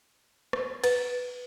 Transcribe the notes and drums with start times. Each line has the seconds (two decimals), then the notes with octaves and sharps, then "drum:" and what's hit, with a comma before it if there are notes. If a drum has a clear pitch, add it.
0.53 drum: rim click
0.84 B4, drum: cymbal